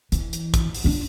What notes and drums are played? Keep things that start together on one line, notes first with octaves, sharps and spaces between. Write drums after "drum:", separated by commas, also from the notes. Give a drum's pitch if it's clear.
E3, drum: hi-hat
drum: hi-hat
drum: kick, hi-hat
drum: open hi-hat
D4 F4